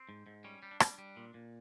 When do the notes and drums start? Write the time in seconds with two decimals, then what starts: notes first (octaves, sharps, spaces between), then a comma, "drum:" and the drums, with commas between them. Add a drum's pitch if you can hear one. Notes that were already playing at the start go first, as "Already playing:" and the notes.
Already playing: C4
0.09 G#2
0.27 G#2
0.44 G3 C#4
0.63 G3
0.71 D4
0.80 G3, drum: rim click
0.98 G3
1.17 A#2
1.34 A#2